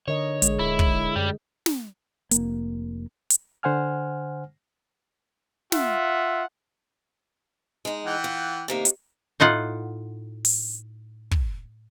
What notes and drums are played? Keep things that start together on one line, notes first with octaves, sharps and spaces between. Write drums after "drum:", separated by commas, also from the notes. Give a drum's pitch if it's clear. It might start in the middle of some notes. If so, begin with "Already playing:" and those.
D3 A#4 C#5 D#5
A1 G#3, drum: hi-hat
D1 E4
drum: kick
F#2 G3
drum: snare
F1 A#3, drum: hi-hat
drum: hi-hat
D3 C5 F#5 G#5 F6
F4 E5 F#5, drum: snare
G#3 D#4
E3 F#5 G5
F4
C3 D#3 A#3
drum: hi-hat
A2 D#4 F4 F#5
drum: open hi-hat
drum: kick